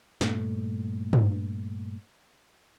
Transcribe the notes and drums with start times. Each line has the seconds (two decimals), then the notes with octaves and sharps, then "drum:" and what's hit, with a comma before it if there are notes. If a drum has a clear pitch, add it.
0.21 G2 A#2 A3, drum: snare
1.13 drum: tom